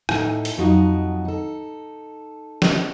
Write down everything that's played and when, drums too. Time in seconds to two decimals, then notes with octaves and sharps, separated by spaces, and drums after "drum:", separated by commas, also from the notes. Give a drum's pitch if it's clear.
0.09 A2 D#4 A4, drum: rim click
0.45 drum: hi-hat
0.57 F2 F3 F#3 D#4 F#4 D#5
1.25 D#4 A4
2.62 drum: snare